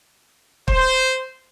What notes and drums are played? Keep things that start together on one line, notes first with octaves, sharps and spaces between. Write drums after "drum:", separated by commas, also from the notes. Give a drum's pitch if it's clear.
C5, drum: kick